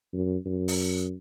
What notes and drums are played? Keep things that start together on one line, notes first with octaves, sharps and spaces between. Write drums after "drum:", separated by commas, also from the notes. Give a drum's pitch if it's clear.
F#2
F#2
drum: open hi-hat